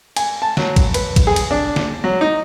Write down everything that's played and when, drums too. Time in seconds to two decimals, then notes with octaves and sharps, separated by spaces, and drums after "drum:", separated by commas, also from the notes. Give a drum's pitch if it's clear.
0.16 G#5, drum: cymbal
0.42 A5
0.57 F#3, drum: snare
0.76 drum: kick, cymbal
0.94 B4, drum: cymbal
1.16 drum: kick, cymbal
1.27 G#4
1.36 drum: cymbal
1.51 D4
1.76 drum: snare
2.04 F#3
2.21 D#4